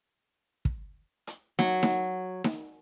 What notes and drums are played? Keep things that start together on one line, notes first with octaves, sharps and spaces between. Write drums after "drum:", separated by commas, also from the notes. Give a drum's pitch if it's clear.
drum: kick
drum: hi-hat
F#3, drum: snare D#4
drum: snare D#4
drum: snare D#4